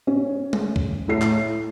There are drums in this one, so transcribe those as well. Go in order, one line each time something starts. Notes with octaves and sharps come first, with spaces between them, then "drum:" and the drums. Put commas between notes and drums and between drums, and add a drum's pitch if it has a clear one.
C#4
drum: tom G3
drum: kick
A2 A3 C7
drum: clap